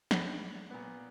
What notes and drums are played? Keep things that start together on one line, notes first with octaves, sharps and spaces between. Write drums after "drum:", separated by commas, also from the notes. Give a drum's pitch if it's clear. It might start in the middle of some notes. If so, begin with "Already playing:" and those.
D4 F#5 B5, drum: snare
A#2 B3